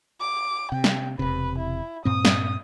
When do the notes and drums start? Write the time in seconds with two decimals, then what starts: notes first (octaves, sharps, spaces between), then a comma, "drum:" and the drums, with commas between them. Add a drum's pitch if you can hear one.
0.21 D6
0.72 C3 G5
0.84 drum: snare
1.19 E1 C3 B4
1.59 E4
2.05 G2 A#2 C4 D#6
2.25 drum: snare